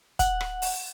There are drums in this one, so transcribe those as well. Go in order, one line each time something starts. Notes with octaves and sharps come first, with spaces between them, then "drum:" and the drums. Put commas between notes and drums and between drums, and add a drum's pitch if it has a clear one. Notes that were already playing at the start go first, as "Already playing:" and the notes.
F#5, drum: kick, hi-hat
drum: rim click
drum: open hi-hat